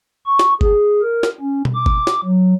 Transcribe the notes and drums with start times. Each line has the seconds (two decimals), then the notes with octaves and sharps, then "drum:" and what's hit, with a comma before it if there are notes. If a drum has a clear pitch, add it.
0.26 C#6
0.39 drum: snare
0.61 G#4, drum: kick G1
1.02 A#4
1.23 drum: snare
1.40 C#4
1.65 drum: tom B2
1.75 D6
1.86 drum: kick G1
2.07 drum: snare
2.24 F#3